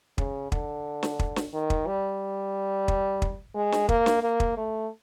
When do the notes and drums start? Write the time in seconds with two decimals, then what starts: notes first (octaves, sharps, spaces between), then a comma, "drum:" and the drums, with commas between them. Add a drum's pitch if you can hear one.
0.18 C#3, drum: kick
0.52 D3, drum: kick
1.03 drum: snare
1.19 drum: kick
1.36 drum: snare
1.53 D#3
1.70 drum: kick
1.87 G3
2.88 drum: kick
3.22 drum: kick
3.55 G#3
3.72 drum: snare
3.89 A#3, drum: kick
4.06 drum: snare
4.23 A#3
4.40 drum: kick
4.57 A3